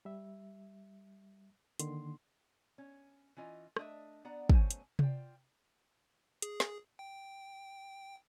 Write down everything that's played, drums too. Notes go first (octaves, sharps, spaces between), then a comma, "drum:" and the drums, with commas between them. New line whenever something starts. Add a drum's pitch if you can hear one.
G3 E5
D3 D#3 A#3 C6, drum: hi-hat
C#4
E3 C#4 F4 D#5
A3 D4 D#5 E5, drum: rim click
B3 D5 F#5 A#5
B2 F#3 A3 C#4 C5 G#5, drum: kick
drum: hi-hat
F4 C5 D5 G5, drum: tom C3
G#4, drum: hi-hat
drum: snare
G5